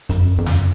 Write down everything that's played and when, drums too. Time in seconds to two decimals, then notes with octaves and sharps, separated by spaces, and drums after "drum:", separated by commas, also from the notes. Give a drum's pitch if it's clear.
0.09 F#2, drum: kick, hi-hat
0.28 F2
0.38 F2
0.46 F#2, drum: snare